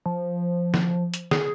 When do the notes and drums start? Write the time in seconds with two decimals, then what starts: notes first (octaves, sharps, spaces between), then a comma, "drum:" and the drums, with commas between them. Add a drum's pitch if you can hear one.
0.06 F3
0.74 drum: snare
1.14 drum: hi-hat
1.31 G#4, drum: snare